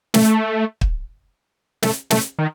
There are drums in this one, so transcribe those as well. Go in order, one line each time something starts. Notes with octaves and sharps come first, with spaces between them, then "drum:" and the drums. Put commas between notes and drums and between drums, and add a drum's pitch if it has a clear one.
A3, drum: snare
drum: kick
A3, drum: snare
A3, drum: snare
D#3